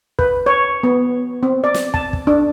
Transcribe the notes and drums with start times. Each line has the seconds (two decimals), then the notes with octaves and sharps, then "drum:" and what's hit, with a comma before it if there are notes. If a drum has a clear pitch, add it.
0.19 B4, drum: kick
0.46 C#5
0.83 B3
1.43 C4
1.64 D5
1.74 drum: snare
1.94 A5, drum: kick
2.13 drum: kick
2.27 D4